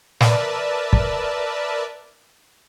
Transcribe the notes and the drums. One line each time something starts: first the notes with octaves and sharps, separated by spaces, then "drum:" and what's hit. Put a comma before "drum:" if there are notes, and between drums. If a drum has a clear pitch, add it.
A#4 B4 D5 E5 A5, drum: snare
drum: kick